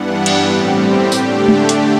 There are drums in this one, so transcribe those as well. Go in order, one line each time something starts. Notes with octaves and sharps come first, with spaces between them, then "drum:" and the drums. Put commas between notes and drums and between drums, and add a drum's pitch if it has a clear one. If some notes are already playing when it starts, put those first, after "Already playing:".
Already playing: G2 E3 G3 B3 D4 F#5
drum: cymbal
A2 G3 C4 G4
G4
D3 A3 D4, drum: tambourine
drum: tom G#3
drum: hi-hat